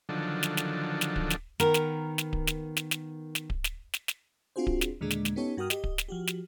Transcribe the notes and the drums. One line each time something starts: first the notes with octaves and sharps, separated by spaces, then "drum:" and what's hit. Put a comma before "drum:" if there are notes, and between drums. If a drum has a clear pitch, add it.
D3 D#3 F3 F#3 D4 A4
drum: snare
drum: snare
drum: snare
drum: kick D1
drum: snare
D#3 B3 A#4, drum: snare
drum: snare
drum: snare
drum: kick D1
drum: snare
drum: snare
drum: snare
drum: snare
drum: kick D1
drum: snare
drum: snare
drum: snare
C4 D4 F4 F#4 G#4 C5
drum: kick D1
drum: snare
D#2 A#2 D3 G#3 D4
drum: snare
drum: snare
B3 C#4 D#4 G4 A4 C#5
G2 F#4 A#4 G5 D#6 F6
G4 D#5, drum: snare
drum: kick D1
drum: snare
F3 F#4 G4
drum: snare